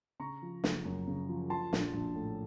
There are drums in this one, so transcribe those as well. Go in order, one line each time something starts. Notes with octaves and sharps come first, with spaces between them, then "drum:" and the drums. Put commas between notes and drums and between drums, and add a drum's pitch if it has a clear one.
C#3 A#5 C#6
F3
F#1, drum: snare
F#2
C#3
F3
F3 A5 C6
A#1, drum: snare
A#1
A2